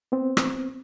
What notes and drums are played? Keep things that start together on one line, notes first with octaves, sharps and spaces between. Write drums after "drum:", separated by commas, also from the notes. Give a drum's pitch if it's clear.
B3 C4
drum: rim click